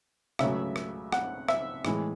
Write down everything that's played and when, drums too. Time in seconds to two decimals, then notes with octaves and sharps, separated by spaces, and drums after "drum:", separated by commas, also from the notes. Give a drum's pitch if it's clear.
0.39 C#2 C#3 F#3 A3 E5, drum: rim click
0.76 drum: rim click
1.12 F#5, drum: rim click
1.48 E5, drum: rim click
1.85 A2 E3 G#3, drum: rim click